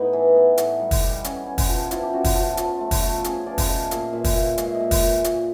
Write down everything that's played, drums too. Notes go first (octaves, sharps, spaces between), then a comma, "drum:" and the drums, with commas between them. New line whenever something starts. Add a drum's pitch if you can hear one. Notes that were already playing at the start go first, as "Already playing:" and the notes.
Already playing: A2 B3 D#4
E3
B3
A2, drum: hi-hat
G3
drum: kick, open hi-hat
G3
C#4, drum: hi-hat
C#4
drum: kick, open hi-hat
F3
F3 E4, drum: hi-hat
G4
C#4 F#4
drum: kick, open hi-hat
F3
F3, drum: hi-hat
A3
drum: kick, open hi-hat
A3
C#4 G#4, drum: hi-hat
F3 D5
drum: kick, open hi-hat
F3 D#5
A#2 F5, drum: hi-hat
A#2 E5
drum: kick, open hi-hat
A#2 F5
G#3 F5, drum: hi-hat
E5
D#5
A#2 E5
drum: kick, open hi-hat
A#2
A#2, drum: hi-hat